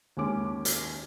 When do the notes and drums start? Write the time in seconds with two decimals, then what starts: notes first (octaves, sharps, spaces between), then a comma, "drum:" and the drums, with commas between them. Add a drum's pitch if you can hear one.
0.17 D#2 G#3 C#4 D6
0.65 drum: hi-hat